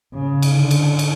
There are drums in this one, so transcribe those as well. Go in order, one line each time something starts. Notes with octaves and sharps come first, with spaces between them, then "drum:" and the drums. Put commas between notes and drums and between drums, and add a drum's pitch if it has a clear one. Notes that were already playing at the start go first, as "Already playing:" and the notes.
C#3
drum: cymbal
D3
drum: cymbal
drum: cymbal